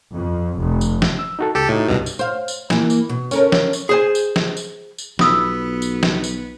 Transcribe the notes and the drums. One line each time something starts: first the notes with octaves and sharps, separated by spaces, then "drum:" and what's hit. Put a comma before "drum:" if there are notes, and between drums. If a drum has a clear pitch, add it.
F2
F1
drum: tambourine
drum: snare
E6
D#4 F#4 A4
C#2 G4 A4
A2 D#4 F#4
C2 G2 B2
drum: tambourine
C5 F5
drum: tambourine
E3 A#3, drum: snare
drum: tambourine
B2
C#4 A4 A#4, drum: tambourine
drum: snare
drum: tambourine
G#4 C5 G#5
drum: tambourine
drum: snare
drum: tambourine
drum: tambourine
B1 B3 F4 D#6 E6, drum: snare
drum: tambourine
drum: snare
drum: tambourine